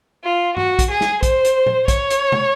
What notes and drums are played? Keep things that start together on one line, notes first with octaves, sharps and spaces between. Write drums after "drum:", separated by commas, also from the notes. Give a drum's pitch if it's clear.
F4
F#4, drum: tom G2
drum: kick, hi-hat
G#4
drum: snare
C5, drum: kick, hi-hat
drum: hi-hat
drum: tom
C#5, drum: kick, hi-hat
drum: hi-hat
drum: tom